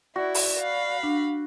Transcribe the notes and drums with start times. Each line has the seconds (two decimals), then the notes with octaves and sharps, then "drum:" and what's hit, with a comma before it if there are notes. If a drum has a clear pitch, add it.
0.16 E4 F#4 D5
0.34 drum: open hi-hat
0.60 F5 B5
1.03 D4